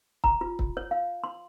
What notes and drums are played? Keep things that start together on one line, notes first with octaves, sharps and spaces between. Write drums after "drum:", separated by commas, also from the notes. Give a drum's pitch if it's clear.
A#5, drum: kick
F4
drum: kick
C#5
F5
C6